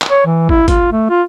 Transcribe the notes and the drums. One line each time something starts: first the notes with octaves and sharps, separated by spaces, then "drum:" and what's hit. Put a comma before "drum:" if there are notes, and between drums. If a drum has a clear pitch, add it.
drum: clap
C#5
E3
E4, drum: kick
F4, drum: kick, hi-hat
A3
F4